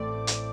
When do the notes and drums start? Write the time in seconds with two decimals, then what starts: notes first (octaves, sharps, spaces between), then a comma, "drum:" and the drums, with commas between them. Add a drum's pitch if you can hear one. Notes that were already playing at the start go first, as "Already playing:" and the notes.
Already playing: A1 A2 A3 C4 D5
0.27 drum: hi-hat